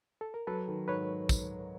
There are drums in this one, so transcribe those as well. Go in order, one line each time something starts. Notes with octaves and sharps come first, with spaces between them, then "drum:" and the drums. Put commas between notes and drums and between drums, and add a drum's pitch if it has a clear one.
A4
A#4
F#3 A4 B4
D#3
G#2 B4 C#5
drum: kick, tambourine